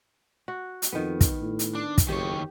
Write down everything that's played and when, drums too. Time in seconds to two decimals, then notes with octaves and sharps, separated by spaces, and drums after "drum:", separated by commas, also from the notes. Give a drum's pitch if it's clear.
0.48 F#4
0.82 drum: hi-hat
0.92 F2 D#3 B3
1.21 drum: kick, hi-hat
1.40 A2
1.59 drum: hi-hat
1.75 D4
1.98 drum: kick, hi-hat
2.08 F#1 D#3 G4 C#5